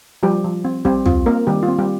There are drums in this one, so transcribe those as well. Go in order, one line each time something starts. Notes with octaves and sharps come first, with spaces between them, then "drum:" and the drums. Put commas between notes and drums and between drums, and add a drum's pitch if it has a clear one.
F3 G3 G4
F3
C4
G3 C4 G4, drum: kick
C4 F4, drum: tom
A#3 C4 A#4
D#3 G3 G4
F4
C4
G3 G4